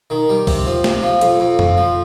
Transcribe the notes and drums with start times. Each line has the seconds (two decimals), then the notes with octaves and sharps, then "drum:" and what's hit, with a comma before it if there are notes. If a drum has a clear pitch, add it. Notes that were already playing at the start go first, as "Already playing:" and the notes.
0.10 D#3
0.29 G3
0.47 C3, drum: kick B1, open hi-hat
0.66 F3
0.84 C3, drum: snare
1.03 F3
1.21 F2, drum: hi-hat
1.40 F2
1.59 F2, drum: tom F2
1.78 F3